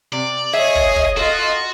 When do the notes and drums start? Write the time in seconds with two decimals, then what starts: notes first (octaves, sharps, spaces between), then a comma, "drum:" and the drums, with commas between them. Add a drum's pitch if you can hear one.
0.13 C3 D5
0.54 G#4 C#5 D#5 E5 D#6
0.75 drum: kick
0.96 drum: kick
1.17 F4 F#4 A4